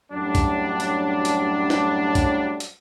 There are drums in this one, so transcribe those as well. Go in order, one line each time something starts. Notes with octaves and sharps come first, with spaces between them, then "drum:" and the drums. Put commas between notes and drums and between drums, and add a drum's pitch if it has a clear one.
F#2 A2 F#3 G3 D4
drum: kick, hi-hat
drum: hi-hat
drum: hi-hat
drum: snare
drum: kick, hi-hat
drum: hi-hat